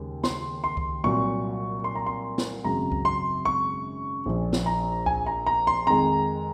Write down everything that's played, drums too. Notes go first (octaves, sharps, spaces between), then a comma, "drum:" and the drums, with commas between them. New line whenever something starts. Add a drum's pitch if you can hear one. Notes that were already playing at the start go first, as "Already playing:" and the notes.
Already playing: D#2 C#3 G#3
C6, drum: snare
C6
drum: kick C#2
C2 A#2 F#3 C#6
C6
A#5
C6
drum: snare
G#1 F#2 C#3 F#3 A#5
drum: kick C#2
C6
C#6
A#1 A#2 F3
drum: snare
A#5
G#5, drum: kick C#2
A#5
A#5
C6
F2 D#3 G#3 A#5